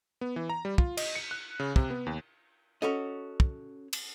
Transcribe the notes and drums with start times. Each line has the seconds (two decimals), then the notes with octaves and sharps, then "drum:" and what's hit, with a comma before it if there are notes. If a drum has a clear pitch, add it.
0.21 B3
0.36 E3
0.49 A#5
0.65 G3
0.78 F4, drum: kick
0.97 D#5, drum: cymbal
1.15 C#7
1.31 F#6
1.60 C#3
1.76 C3, drum: kick
1.90 B3
2.06 D#2
2.82 C#4 F#4 A4 D#5
3.40 drum: kick
3.93 drum: cymbal